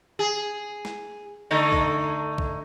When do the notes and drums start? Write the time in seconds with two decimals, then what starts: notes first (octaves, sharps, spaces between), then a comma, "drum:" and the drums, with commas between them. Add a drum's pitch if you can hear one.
0.19 G#4
0.85 drum: snare
1.51 D3 A3 D#4
1.73 drum: kick
2.38 drum: kick